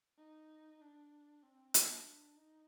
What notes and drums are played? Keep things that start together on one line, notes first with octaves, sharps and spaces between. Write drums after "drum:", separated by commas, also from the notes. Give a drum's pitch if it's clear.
D#4
D4
C4
D4, drum: hi-hat
D#4